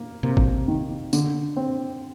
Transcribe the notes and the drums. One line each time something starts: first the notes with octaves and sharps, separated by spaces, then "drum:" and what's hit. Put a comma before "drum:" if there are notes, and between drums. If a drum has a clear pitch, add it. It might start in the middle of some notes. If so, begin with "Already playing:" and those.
Already playing: A#3
C3 A#3
drum: kick
D#3
D3, drum: tambourine
C4